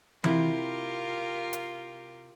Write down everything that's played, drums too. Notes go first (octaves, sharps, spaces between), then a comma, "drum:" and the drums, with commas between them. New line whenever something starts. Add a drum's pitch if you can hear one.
C3 E4 F4 G4 A#4, drum: tom E3
drum: hi-hat